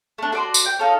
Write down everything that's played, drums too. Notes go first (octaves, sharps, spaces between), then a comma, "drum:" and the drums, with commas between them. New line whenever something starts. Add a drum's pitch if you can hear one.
A3 D4
F#4 D5 C6
drum: tambourine
G5
D#4 F4 A4 C#5